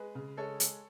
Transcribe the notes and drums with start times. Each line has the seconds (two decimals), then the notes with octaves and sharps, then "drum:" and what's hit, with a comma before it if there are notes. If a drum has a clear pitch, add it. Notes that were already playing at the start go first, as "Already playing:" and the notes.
Already playing: G#3 G#4 B4
0.15 C#3
0.37 G#3 A4 C#5
0.60 G#3, drum: hi-hat